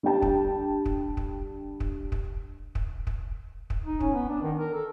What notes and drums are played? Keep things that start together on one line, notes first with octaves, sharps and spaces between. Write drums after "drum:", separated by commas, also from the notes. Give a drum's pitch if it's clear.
D3 G3 D4 G4 G5 A5
drum: kick
drum: kick
drum: kick
drum: kick
drum: kick
drum: kick
drum: kick
drum: kick
D#4
C#4, drum: kick
B3
D4
D#3
A#4
A4